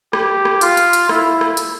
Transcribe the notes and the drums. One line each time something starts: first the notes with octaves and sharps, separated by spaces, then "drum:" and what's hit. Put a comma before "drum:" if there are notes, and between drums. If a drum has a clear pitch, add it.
G4, drum: rim click
drum: rim click
F4, drum: hi-hat
drum: hi-hat
drum: hi-hat
E4, drum: rim click
drum: rim click
drum: hi-hat